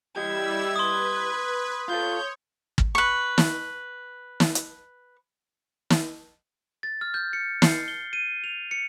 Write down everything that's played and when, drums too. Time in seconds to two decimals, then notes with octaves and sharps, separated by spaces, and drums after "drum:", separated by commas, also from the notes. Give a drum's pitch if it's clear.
0.16 G3 E4 G4 D#5 E6 G#6
0.76 B4 C6 D#6
1.88 F4 A4 C#5 G6
2.78 drum: kick
2.95 B4 C#6
3.38 drum: snare
4.40 drum: snare
4.55 drum: hi-hat
5.90 drum: snare
6.83 A6
7.01 F6
7.14 G6
7.33 C#7
7.62 C7, drum: snare
7.88 G7
8.13 D#7
8.44 F7
8.71 C#7